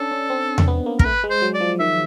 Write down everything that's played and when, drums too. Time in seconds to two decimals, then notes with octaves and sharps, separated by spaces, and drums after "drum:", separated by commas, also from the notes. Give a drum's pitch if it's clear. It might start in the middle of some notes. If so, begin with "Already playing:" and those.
Already playing: C#4 D4 A4
0.11 C#4
0.30 C4
0.58 drum: tom E2
0.68 B3
0.86 A#3
0.99 A#4, drum: kick
1.05 A3 B4
1.24 G#3
1.30 C5
1.42 F#3
1.54 D5
1.60 F3
1.79 D#3 E5